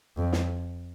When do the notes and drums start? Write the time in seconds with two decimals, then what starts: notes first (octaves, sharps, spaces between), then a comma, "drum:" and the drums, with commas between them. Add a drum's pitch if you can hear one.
0.17 F2
0.33 drum: snare